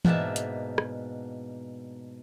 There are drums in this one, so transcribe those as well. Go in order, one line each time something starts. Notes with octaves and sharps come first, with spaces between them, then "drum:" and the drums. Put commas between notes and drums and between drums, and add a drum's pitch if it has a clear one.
G#2 B2 A#3 D4 E5 A5, drum: tom E3
drum: hi-hat
drum: rim click